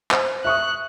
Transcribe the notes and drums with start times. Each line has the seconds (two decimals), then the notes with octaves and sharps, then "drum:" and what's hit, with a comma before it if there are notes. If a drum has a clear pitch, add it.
0.11 C5, drum: clap
0.45 E5 C#6 D#6 F#6